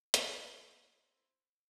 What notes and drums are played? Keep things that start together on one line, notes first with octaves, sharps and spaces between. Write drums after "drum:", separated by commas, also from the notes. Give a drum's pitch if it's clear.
C4 E4, drum: hi-hat